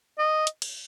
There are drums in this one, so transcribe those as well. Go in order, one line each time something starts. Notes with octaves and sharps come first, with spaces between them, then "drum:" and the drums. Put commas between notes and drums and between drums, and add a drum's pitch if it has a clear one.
D#5
drum: hi-hat
drum: cymbal